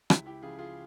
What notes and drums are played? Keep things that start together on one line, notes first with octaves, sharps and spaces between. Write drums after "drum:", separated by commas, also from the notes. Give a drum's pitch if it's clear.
C#2 E4 G4, drum: rim click
E4 G4
C#3 F3 F4 G#4
F4 G#4